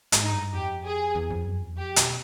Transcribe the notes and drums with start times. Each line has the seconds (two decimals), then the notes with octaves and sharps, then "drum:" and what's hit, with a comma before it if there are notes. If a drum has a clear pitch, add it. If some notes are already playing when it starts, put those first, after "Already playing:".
0.12 G#2, drum: hi-hat
0.23 D#4
0.33 G2
0.53 F2 G4
0.84 G#4
1.15 E2
1.30 F2
1.45 F#2
1.61 E2
1.76 F2 G4
1.96 B2, drum: hi-hat